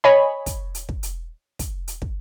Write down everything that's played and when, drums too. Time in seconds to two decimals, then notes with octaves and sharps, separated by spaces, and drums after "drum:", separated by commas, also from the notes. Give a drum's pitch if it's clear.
0.04 C#5 D#5 G#5 B5
0.46 drum: kick, hi-hat
0.75 drum: hi-hat
0.89 drum: kick
1.03 drum: hi-hat
1.59 drum: kick, hi-hat
1.88 drum: hi-hat
2.02 drum: kick